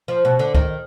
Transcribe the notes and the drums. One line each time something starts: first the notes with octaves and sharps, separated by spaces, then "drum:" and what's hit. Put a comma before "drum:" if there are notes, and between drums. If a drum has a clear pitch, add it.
F3
B2
D3
D#3, drum: kick C#2